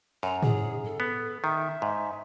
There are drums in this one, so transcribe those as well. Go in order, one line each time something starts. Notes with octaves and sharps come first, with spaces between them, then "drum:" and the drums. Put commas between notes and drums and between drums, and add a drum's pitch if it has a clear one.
F#2 A#5
G#4, drum: tom G#2
A4
B3
D#3 E5
G#2